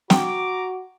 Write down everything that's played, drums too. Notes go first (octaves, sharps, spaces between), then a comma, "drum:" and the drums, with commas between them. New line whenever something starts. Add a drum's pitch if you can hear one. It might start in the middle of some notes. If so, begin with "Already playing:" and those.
F#4 G5 A#5 D6, drum: snare